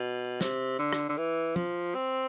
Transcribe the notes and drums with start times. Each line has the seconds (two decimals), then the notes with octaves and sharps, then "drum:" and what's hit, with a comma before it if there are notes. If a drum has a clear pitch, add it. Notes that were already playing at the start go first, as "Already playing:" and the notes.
Already playing: B2
0.41 C3, drum: snare
0.79 D3
0.93 drum: rim click
1.09 D3
1.18 E3
1.56 F3, drum: tom
1.95 C4